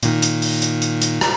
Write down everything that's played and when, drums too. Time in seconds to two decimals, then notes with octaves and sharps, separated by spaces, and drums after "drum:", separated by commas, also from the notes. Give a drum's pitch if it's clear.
0.03 A#2 D#3, drum: hi-hat
0.22 drum: hi-hat
0.42 drum: open hi-hat
0.62 drum: hi-hat
0.82 drum: hi-hat
1.02 drum: hi-hat
1.21 drum: rim click